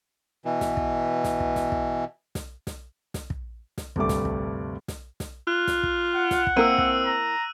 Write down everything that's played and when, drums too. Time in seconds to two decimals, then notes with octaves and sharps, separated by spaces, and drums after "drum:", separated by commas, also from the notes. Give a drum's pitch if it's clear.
0.45 B2 E3
0.61 drum: snare
0.77 drum: kick
1.24 drum: snare
1.40 drum: kick
1.56 drum: snare
1.72 drum: kick
2.35 drum: snare
2.67 drum: snare
3.14 drum: snare
3.30 drum: kick
3.78 drum: snare
3.96 D2 G2 C3 G3 A3 D6, drum: kick
4.09 drum: snare
4.25 drum: kick
4.88 drum: snare
5.20 drum: snare
5.47 F4 F#6
5.67 drum: snare
5.83 drum: kick
6.15 F#5
6.31 drum: snare
6.47 drum: kick
6.57 A#3 C4 E4 A#4 E6 D#7
6.78 drum: kick
7.06 A#5